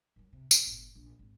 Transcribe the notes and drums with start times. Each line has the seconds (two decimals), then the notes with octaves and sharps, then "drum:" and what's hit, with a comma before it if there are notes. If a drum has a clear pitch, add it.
0.16 D#3 F#3
0.33 C3
0.51 B2, drum: tambourine
0.66 G1 A2
0.95 A#1
1.19 G#1